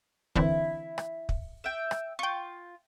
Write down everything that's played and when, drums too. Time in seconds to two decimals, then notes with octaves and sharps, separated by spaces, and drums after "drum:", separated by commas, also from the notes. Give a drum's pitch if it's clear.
0.36 D3 E3 C4 E4, drum: kick
0.98 drum: rim click
1.29 drum: kick
1.64 E5 G5
1.91 drum: rim click
2.19 F4 G5 C#6